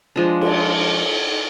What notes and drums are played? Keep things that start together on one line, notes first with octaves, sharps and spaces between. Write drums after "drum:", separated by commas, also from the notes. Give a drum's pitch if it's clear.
F3 G#3 D4
drum: cymbal